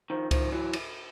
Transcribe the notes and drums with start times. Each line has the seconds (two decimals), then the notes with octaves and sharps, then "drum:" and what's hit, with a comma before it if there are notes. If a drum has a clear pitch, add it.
0.10 D#3 F3
0.31 D#3 F3, drum: kick C#2, cymbal
0.52 E3 F#3
0.73 drum: cymbal